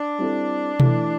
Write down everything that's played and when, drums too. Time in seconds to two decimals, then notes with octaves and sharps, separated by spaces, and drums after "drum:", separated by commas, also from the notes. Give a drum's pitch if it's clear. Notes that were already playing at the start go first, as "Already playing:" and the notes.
Already playing: D4
0.18 G3 C4 E4 A4
0.80 E3 A3 E4, drum: tom B2